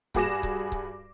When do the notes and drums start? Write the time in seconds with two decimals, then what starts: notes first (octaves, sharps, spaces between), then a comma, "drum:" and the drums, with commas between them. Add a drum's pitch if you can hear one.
0.14 G2 F#4 G#4 D6 A#6 E7, drum: kick C#1
0.43 drum: kick C#1
0.72 drum: kick C#1